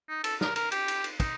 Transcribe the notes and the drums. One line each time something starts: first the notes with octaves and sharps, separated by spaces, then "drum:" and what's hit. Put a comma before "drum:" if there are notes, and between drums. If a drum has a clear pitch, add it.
D#4
A4, drum: cymbal
A#4, drum: snare
A#4, drum: cymbal
G4, drum: cymbal
drum: cymbal
drum: cymbal
D#4, drum: kick, cymbal